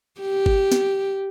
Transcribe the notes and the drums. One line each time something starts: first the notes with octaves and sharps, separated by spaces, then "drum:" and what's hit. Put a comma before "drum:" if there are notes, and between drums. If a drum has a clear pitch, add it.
G4
drum: kick G1
drum: snare